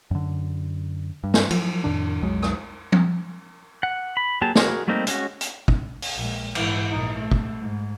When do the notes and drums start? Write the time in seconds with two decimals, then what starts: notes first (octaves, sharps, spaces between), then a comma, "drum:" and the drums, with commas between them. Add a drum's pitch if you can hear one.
0.11 F#2 D3
1.24 G2
1.34 drum: snare
1.51 F3 F#3, drum: cymbal
1.84 F2 A2 D#3 D4
2.22 B1 F2 F#3 G#3
2.43 drum: rim click
2.92 drum: tom F3
3.83 F#5
4.17 B5
4.41 F#3 A#3 G4 G#4 A5
4.55 F#4 G#4 A#4, drum: snare
4.88 G3 A3 A#3 C4 D#4
5.07 G#3 C#4 F#4, drum: hi-hat
5.41 drum: hi-hat
5.68 drum: kick
6.02 drum: open hi-hat
6.16 A#1 G#3
6.55 G#2 E3, drum: cymbal
6.91 A#1 D#4
7.19 A3
7.31 drum: kick
7.60 G#2